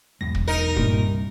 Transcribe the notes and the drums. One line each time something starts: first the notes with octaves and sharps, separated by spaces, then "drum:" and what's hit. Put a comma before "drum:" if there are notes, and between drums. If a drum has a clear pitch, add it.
B1 E2 G#3 A#6
drum: kick
D#4 A#4
C2 G2 A#2, drum: kick